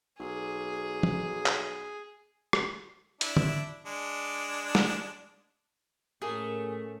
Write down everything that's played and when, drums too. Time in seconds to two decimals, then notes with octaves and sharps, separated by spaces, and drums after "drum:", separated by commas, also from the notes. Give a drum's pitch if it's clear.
0.19 B1 G#4
1.03 drum: tom
1.46 drum: clap
2.53 drum: rim click
3.21 D4 E4, drum: hi-hat
3.37 drum: tom
3.86 G#3 D4
4.75 drum: snare
6.22 A2 A3 A#3 C#4 G#4